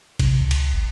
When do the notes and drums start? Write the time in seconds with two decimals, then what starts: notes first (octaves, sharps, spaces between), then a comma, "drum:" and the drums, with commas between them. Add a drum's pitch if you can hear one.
0.19 C3, drum: kick A1, cymbal
0.41 C#2
0.51 drum: cymbal
0.74 G#1